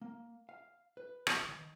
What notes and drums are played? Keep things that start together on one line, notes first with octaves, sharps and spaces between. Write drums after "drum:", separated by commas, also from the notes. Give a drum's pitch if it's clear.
A#3
F5
B4
drum: rim click
D#3